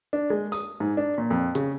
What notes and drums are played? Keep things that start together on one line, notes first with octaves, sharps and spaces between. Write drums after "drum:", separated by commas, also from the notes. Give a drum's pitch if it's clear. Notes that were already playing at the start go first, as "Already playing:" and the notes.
D4
G#3
D#6, drum: open hi-hat
G#2
D4
A#2
F2
C#3, drum: hi-hat